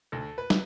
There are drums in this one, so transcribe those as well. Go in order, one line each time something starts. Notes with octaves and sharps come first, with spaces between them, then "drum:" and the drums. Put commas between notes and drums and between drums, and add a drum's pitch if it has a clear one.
D2 A4
B4
drum: snare